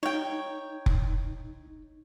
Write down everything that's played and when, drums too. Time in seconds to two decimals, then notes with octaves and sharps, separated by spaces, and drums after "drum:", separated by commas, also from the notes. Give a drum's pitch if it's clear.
0.03 D#4 C#5 G5
0.86 drum: kick F1